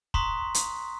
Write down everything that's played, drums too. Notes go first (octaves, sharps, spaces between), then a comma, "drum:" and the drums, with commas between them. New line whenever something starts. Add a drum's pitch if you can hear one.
A#5 C6 C#6 D#6 F#6 B6, drum: kick
drum: hi-hat